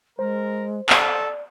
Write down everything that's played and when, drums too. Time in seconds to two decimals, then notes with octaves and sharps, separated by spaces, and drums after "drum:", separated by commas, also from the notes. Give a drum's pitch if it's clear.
0.19 G#3 A#4 C5
0.89 A4 D5, drum: clap